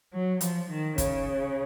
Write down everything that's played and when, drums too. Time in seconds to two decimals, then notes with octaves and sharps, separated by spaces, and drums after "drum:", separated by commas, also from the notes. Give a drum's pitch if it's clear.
0.13 F#3
0.41 F3, drum: hi-hat
0.70 D#3
0.98 C#3, drum: kick, hi-hat